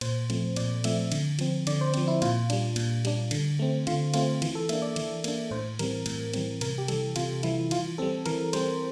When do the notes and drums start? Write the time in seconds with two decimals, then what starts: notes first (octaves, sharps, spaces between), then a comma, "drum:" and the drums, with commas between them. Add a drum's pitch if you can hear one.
0.01 A#2 C5, drum: cymbal
0.30 F3 A3 C4, drum: cymbal
0.56 A#2 D5, drum: cymbal
0.84 F3 A3 C4 E5, drum: cymbal
1.12 D3, drum: cymbal
1.39 F3 C4, drum: cymbal
1.67 D3 D5, drum: cymbal
1.81 C5
1.94 F3 C4, drum: cymbal
2.08 E4
2.22 A#2 F4, drum: cymbal
2.50 G3 D4, drum: cymbal
2.76 A#2, drum: cymbal
3.05 G3 D4, drum: cymbal
3.31 D3, drum: cymbal
3.59 A3 C4
3.87 D3 F4, drum: cymbal
4.14 A3 C4 F4, drum: cymbal
4.42 E3 F4, drum: cymbal
4.55 A4
4.69 A#3 D4 E5, drum: cymbal
4.82 D5
4.96 E3, drum: cymbal
5.24 A#3 D4, drum: cymbal
5.51 A2 C5
5.79 E3 G3 C4 A#4, drum: cymbal
6.06 A2, drum: cymbal
6.33 E3 G3 C4, drum: cymbal
6.61 C3 A#4, drum: cymbal
6.78 G4
6.88 E3 G3 A4, drum: cymbal
7.16 C3 F4, drum: cymbal
7.43 E3 G3 E4, drum: cymbal
7.71 E3 F4, drum: cymbal
7.98 G3 C4 A4
8.26 E3 A#4, drum: cymbal
8.53 G3 C4 C5, drum: cymbal